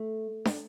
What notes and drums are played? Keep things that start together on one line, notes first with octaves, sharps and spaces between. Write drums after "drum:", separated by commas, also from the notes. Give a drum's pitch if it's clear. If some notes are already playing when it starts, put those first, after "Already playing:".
Already playing: A3
D4, drum: snare